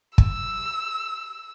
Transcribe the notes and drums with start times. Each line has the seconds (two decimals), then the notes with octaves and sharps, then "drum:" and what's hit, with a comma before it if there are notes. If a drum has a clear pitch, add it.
0.18 E6, drum: kick